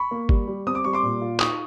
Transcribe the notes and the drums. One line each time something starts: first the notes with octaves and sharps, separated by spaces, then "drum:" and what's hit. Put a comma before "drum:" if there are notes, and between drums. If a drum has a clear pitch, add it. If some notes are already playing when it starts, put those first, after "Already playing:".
Already playing: B5 C#6
A#3
G3, drum: kick G#1
G3
C4 D#6
D6
G3 C#6
C6 D6
A#2
F4
D#4 C#6 D#6, drum: clap